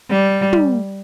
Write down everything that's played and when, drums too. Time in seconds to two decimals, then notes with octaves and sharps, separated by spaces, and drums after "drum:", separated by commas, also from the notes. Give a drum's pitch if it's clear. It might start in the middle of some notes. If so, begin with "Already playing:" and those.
0.10 G3
0.53 drum: tom